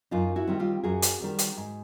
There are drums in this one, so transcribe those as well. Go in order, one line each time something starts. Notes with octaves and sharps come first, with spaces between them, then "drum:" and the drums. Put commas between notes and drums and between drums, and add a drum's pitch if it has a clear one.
F#2 D#4 F4
E4 F#4
D#3 G3 C4
F4 G4
F#2 F#4 G#4
drum: hi-hat
D#3 G3 C4
drum: hi-hat
G#2